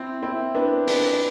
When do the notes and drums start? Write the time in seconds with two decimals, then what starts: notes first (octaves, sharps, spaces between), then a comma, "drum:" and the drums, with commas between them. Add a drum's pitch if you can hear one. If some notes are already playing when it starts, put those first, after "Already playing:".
Already playing: C4 E4
0.22 C4 E4
0.55 B3 D4
0.88 B3 D4, drum: open hi-hat